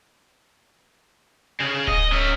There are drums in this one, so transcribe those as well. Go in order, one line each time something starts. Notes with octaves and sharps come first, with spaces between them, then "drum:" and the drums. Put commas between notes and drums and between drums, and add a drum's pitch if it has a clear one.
C#3 G#4
D#5, drum: kick D1
C#4 E5